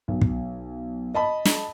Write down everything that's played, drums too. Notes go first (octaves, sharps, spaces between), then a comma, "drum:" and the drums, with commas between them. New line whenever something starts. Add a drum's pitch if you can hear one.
B1
drum: kick
D#5 A5 B5
drum: snare